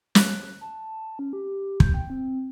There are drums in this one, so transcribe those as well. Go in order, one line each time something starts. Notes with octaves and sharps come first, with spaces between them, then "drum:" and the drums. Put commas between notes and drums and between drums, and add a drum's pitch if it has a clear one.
F#6, drum: snare
A5
C#4
G4
G6, drum: kick
G5
C4